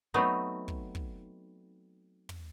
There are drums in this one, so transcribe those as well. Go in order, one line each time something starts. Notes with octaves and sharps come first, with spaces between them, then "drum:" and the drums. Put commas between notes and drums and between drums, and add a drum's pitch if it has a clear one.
F#3 A3 B3 C4 D#4
drum: kick
drum: kick
drum: tom